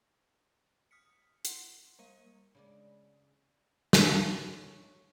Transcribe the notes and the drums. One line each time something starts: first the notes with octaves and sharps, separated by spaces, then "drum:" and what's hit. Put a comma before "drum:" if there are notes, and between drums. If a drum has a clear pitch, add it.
D#6 F6 B6 C#7
F#5 C6, drum: hi-hat
G3 A#3 A#4 F5 D#7
C#3 G#3 D5
drum: snare
C#5